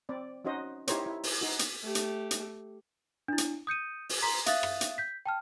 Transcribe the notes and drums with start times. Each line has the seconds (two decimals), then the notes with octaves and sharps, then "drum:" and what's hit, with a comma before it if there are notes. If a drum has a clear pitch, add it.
0.09 C4 D5
0.45 C#4 D#4 F#4 C5 D#5
0.87 D#4 E4 G4 A#4 C5 C#5, drum: hi-hat
1.06 E4
1.23 drum: open hi-hat
1.41 D#4 F#4
1.59 drum: hi-hat
1.83 A3 G4
1.95 drum: hi-hat
2.31 drum: hi-hat
3.28 D4 E4
3.38 drum: hi-hat
3.67 D#6 G6 C#7 D#7
4.09 drum: open hi-hat
4.22 A#5 C6 B6
4.46 E5 F5 D#6 F#6 A6, drum: hi-hat
4.63 drum: rim click
4.81 drum: hi-hat
4.98 G6 B6
5.26 G5 A5 F6